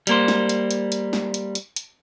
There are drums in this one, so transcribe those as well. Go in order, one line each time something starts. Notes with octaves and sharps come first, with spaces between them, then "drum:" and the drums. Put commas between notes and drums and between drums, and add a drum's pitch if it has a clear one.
G3 A#3 C5, drum: hi-hat
drum: snare
drum: hi-hat
drum: hi-hat
drum: hi-hat
drum: snare
drum: hi-hat
drum: hi-hat
drum: hi-hat